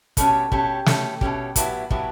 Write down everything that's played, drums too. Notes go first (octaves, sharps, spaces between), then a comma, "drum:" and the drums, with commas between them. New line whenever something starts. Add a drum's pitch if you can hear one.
B2 A3 C#4 G4, drum: kick, hi-hat
B2 A3 C#4 G4, drum: kick
B2 A3 C#4 G4, drum: snare
B2 A3 C#4 G4, drum: kick
A2 F#3 B3 E4 G4, drum: kick, hi-hat
A2 F#3 B3 E4 G4, drum: kick